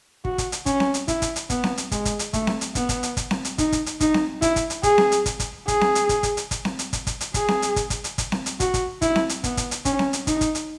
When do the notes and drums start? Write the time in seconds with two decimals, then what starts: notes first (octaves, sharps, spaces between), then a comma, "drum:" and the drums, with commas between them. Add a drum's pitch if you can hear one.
0.25 F#4, drum: kick
0.38 drum: kick, hi-hat
0.52 drum: hi-hat
0.66 C#4, drum: kick, hi-hat
0.80 drum: snare C4
0.94 drum: hi-hat
1.08 E4, drum: kick, hi-hat
1.22 drum: kick, hi-hat
1.36 drum: hi-hat
1.50 B3, drum: kick, hi-hat
1.64 drum: snare C4
1.77 drum: hi-hat
1.92 G#3, drum: kick, hi-hat
2.05 drum: kick, hi-hat
2.19 drum: hi-hat
2.33 A3, drum: kick, hi-hat
2.47 drum: snare C4
2.61 drum: hi-hat
2.75 B3, drum: kick, hi-hat
2.89 drum: kick, hi-hat
3.03 drum: hi-hat
3.17 drum: kick, hi-hat
3.31 drum: snare C4
3.45 drum: hi-hat
3.58 D#4, drum: kick, hi-hat
3.72 drum: kick, hi-hat
3.86 drum: hi-hat
4.00 D#4, drum: kick, hi-hat
4.14 drum: snare C4
4.42 E4, drum: kick, hi-hat
4.56 drum: kick, hi-hat
4.70 drum: hi-hat
4.83 G#4, drum: kick, hi-hat
4.98 drum: snare C4
5.12 drum: hi-hat
5.26 drum: kick, hi-hat
5.40 drum: kick, hi-hat
5.68 G#4, drum: kick, hi-hat
5.81 drum: snare C4
5.95 drum: hi-hat
6.09 drum: kick, hi-hat
6.23 drum: kick, hi-hat
6.37 drum: hi-hat
6.51 drum: kick, hi-hat
6.65 drum: snare C4
6.79 drum: hi-hat
6.93 drum: kick, hi-hat
7.07 drum: kick, hi-hat
7.21 drum: hi-hat
7.34 G#4, drum: kick, hi-hat
7.48 drum: snare C4
7.62 drum: hi-hat
7.76 drum: kick, hi-hat
7.90 drum: kick, hi-hat
8.04 drum: hi-hat
8.18 drum: kick, hi-hat
8.32 drum: snare C4
8.46 drum: hi-hat
8.60 F#4, drum: kick, hi-hat
8.74 drum: kick, hi-hat
9.02 E4, drum: kick, hi-hat
9.16 drum: snare C4
9.29 drum: hi-hat
9.44 B3, drum: kick, hi-hat
9.57 drum: kick, hi-hat
9.71 drum: hi-hat
9.85 C#4, drum: kick, hi-hat
9.99 drum: snare C4
10.13 drum: hi-hat
10.27 D#4, drum: kick, hi-hat
10.41 drum: kick, hi-hat
10.55 drum: hi-hat